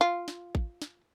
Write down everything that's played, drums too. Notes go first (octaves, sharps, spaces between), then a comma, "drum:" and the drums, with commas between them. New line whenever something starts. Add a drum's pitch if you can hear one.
F4
drum: snare
drum: kick A1
drum: snare